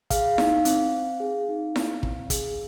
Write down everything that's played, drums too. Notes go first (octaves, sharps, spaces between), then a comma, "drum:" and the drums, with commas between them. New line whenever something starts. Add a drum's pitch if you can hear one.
G#4 F5, drum: kick, hi-hat
D#4, drum: snare E4
C4, drum: hi-hat
C4
G#4
D#4
C4, drum: snare E4
C4, drum: kick
G#4, drum: kick, hi-hat